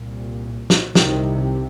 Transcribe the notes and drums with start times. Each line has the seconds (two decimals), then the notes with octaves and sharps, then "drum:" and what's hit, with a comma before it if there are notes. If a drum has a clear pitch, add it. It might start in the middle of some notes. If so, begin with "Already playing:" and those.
Already playing: C2 A#2
0.70 drum: snare
0.95 C2 C3 D#3, drum: snare